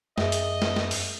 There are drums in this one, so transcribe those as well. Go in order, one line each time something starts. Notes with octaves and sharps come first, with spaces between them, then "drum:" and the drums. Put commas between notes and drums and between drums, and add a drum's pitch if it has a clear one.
F#2 G#4 D#5 E5, drum: snare
drum: hi-hat
drum: snare
drum: snare
drum: open hi-hat